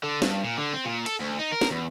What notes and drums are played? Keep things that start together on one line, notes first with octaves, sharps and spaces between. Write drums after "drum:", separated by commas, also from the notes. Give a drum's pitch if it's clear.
D3
G2, drum: snare
A#2
D3
C4
A#2
A4, drum: cymbal
D2
D#4
A#4
drum: snare
E2